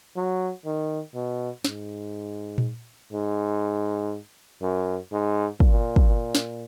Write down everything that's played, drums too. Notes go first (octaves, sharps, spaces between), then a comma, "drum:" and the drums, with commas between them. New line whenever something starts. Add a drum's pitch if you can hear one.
F#3
D#3
B2
G#2, drum: snare
drum: tom A#2
G#2
F#2
G#2
A#2, drum: kick
drum: kick
drum: snare